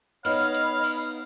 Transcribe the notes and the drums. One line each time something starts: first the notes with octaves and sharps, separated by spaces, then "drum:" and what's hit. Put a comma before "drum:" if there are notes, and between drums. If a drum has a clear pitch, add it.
B3 D#4 C#5 D#5 F5 B5 F6, drum: open hi-hat
drum: hi-hat
drum: open hi-hat